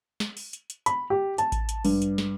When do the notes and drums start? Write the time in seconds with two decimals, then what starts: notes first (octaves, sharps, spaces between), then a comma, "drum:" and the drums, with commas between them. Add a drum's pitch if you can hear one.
0.20 drum: snare
0.37 drum: open hi-hat
0.53 drum: hi-hat
0.70 drum: hi-hat
0.86 B5, drum: hi-hat
1.10 G4
1.38 A5, drum: hi-hat
1.52 drum: kick A1, hi-hat
1.69 drum: hi-hat
1.85 G2, drum: open hi-hat
2.02 drum: hi-hat
2.18 drum: snare